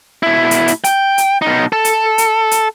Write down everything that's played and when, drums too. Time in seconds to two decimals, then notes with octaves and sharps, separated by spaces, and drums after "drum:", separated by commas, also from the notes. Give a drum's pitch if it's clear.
0.23 B2 E4
0.51 drum: hi-hat
0.68 drum: hi-hat
0.84 G5, drum: hi-hat
1.18 drum: hi-hat
1.42 B2 D#4
1.72 A4
1.85 drum: hi-hat
2.18 drum: hi-hat
2.51 drum: hi-hat